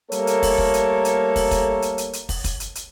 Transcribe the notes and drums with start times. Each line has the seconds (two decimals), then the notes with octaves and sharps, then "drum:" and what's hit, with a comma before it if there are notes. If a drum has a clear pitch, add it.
0.12 G3 A3 A#3 A4 A#4 C#5, drum: hi-hat
0.27 drum: hi-hat
0.43 drum: kick, open hi-hat
0.58 drum: kick
0.74 drum: hi-hat
1.05 drum: hi-hat
1.36 drum: kick, open hi-hat
1.51 drum: kick, hi-hat
1.82 drum: hi-hat
1.98 drum: hi-hat
2.13 drum: hi-hat
2.29 drum: kick, open hi-hat
2.44 drum: kick, hi-hat
2.60 drum: hi-hat
2.75 drum: hi-hat